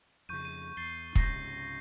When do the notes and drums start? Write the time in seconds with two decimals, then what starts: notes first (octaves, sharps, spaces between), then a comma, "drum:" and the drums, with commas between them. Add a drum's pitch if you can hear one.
0.29 F2 C#3 C#6 G6 D#7
0.45 D#7
0.77 E2 A6 C7 G7
1.15 C#2 G#2 C3 G6 A#6 C7, drum: kick